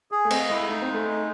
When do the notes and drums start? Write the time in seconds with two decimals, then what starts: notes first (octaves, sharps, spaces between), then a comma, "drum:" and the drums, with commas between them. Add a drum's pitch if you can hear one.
0.11 G#4
0.25 A3
0.30 C4 D#5, drum: cymbal
0.50 G#3 E4
0.69 A3 D#4
0.82 C4
0.88 G#3
0.94 A3
1.08 D#4